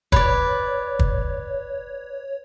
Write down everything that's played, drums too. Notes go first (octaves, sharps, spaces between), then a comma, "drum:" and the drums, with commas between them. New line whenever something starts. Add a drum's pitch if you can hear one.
B4 C#5 D5, drum: kick
drum: kick